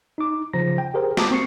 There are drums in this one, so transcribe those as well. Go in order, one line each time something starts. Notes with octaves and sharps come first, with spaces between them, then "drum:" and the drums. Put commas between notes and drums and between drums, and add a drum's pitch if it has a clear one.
D#4 D6
C#3 F3 A#5 A#6
G5
G4 G#4 A#4 C5 G5
A5 A#5 D6 D#6, drum: snare
C4 C#6 C7 C#7